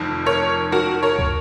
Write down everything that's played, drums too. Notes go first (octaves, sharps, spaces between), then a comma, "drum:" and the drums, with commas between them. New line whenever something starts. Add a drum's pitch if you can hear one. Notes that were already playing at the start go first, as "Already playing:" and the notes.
Already playing: F1 F2 D#3
A#4 C#5
F#4 A#4
A#4 C#5
drum: kick